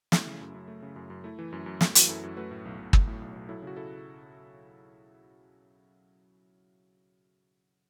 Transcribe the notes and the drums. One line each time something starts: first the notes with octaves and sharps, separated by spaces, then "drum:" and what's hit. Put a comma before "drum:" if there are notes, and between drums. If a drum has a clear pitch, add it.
A3 E4, drum: snare
C#3
F#2
F#2
A3
C#3
F#2
F#2
A3 E4
E3
F#2
F#2
A3, drum: snare
E3 F#4, drum: hi-hat
F#2 E4 A4
F#2
A3 F#4 B4
A2
B1
B1
A3, drum: kick
A2
B1
B1
F#3 E4 A4
C#3 F#4
E4 A4